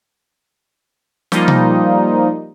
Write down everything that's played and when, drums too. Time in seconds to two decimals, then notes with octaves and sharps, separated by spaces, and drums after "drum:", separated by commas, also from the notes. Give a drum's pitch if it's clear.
1.32 F3 G3 A#3 D#4 F4, drum: snare
1.48 drum: tom B2